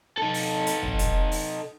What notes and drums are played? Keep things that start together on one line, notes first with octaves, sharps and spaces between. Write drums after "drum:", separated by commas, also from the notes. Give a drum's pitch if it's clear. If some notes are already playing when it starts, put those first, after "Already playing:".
D#4 A4
drum: open hi-hat
drum: hi-hat
drum: kick
drum: kick, hi-hat
drum: open hi-hat